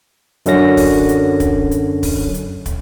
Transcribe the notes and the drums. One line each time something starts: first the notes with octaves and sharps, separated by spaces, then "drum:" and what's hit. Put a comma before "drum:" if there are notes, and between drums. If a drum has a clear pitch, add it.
F#2 D3 C#4 A#6, drum: hi-hat
drum: kick, open hi-hat
drum: hi-hat
drum: kick, hi-hat
drum: hi-hat
drum: kick, open hi-hat
drum: hi-hat
drum: kick, hi-hat